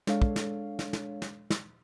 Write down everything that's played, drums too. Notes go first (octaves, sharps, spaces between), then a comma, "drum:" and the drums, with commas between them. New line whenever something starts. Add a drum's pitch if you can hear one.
G#3 D4 A4 C#5 F5, drum: snare
drum: kick
drum: snare
drum: snare
drum: snare
drum: snare
drum: snare